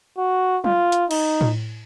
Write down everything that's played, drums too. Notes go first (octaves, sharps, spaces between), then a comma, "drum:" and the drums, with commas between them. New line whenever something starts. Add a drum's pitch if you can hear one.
F#4
F4, drum: tom F#3
drum: hi-hat
D#4, drum: cymbal
drum: tom A2